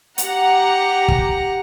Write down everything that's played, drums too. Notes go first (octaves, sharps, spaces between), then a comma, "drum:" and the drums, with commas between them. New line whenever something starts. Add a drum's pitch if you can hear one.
G4 F#5 A#5, drum: hi-hat
drum: kick